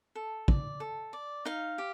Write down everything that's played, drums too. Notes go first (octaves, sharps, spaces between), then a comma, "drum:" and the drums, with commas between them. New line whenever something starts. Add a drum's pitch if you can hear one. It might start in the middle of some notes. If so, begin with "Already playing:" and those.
A4
D5, drum: kick
A4
D5
D#4 F5
G4